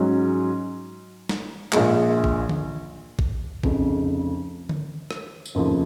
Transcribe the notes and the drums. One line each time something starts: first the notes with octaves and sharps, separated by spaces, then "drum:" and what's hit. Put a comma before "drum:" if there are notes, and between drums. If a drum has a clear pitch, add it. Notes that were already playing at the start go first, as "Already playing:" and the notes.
Already playing: G#2 F#3 C#4
drum: snare
A#1 A#2 G#3, drum: clap
drum: kick
drum: tom D3
drum: kick
F1 F2 C#3, drum: kick
drum: tom D3
drum: rim click
drum: tambourine
F1 D#2 C#3 F3